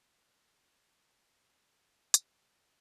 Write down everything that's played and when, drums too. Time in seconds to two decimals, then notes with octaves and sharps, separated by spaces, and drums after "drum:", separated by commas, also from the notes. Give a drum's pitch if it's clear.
0.19 G#4 A4
1.41 F#3 G3 D4
1.77 C#4
2.14 drum: hi-hat
2.32 A#4 C5 G5 A#5